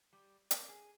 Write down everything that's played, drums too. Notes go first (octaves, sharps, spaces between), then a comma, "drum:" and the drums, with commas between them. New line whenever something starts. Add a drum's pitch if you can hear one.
G3
A#3, drum: hi-hat
G#4